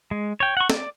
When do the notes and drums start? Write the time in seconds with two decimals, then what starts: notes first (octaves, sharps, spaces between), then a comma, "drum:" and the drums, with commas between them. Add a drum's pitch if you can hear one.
0.11 G#3
0.40 C#5 G5
0.57 F#5 C#6
0.70 D5, drum: snare